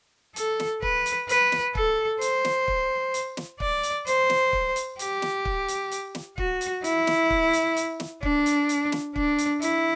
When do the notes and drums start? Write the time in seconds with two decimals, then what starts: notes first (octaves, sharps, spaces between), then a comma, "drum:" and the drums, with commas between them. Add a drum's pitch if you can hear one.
0.36 A4, drum: hi-hat
0.60 drum: snare
0.82 B4, drum: kick
1.06 drum: hi-hat
1.29 B4, drum: hi-hat
1.52 drum: snare
1.75 A4, drum: kick
2.21 C5, drum: hi-hat
2.45 drum: snare
2.68 drum: kick
3.14 drum: hi-hat
3.37 drum: snare
3.60 D5, drum: kick
3.83 drum: hi-hat
4.07 C5, drum: hi-hat
4.30 drum: snare
4.53 drum: kick
4.76 drum: hi-hat
4.99 G4, drum: hi-hat
5.22 drum: snare
5.45 drum: kick
5.68 drum: hi-hat
5.92 drum: hi-hat
6.15 drum: snare
6.38 F#4, drum: kick
6.61 drum: hi-hat
6.84 E4, drum: hi-hat
7.07 drum: snare
7.30 drum: kick
7.53 drum: hi-hat
7.77 drum: hi-hat
8.00 drum: snare
8.23 D4, drum: kick
8.46 drum: hi-hat
8.69 drum: hi-hat
8.92 drum: snare
9.16 D4, drum: kick
9.38 drum: hi-hat
9.62 E4, drum: hi-hat